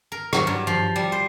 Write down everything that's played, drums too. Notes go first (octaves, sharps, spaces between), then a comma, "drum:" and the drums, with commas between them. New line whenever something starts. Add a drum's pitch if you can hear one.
A#4
F#3, drum: rim click
G2
F3
G3
C5